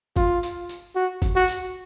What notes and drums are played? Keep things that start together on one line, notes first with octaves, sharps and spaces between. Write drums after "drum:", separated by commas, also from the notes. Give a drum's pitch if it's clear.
F4, drum: kick G1, tambourine
drum: tambourine
drum: tambourine
F#4
drum: kick G1, tambourine
F#4
drum: tambourine